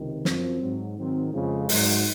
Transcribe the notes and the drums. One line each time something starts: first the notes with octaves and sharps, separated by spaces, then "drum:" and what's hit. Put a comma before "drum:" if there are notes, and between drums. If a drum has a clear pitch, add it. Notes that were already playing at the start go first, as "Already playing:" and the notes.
Already playing: C#2 C3 D#3
F#2 F3 C4, drum: snare
G#2 F#3
G#2 D#3 F#3 C4
F2 C#3 F3 G#3
G#2 F#3, drum: open hi-hat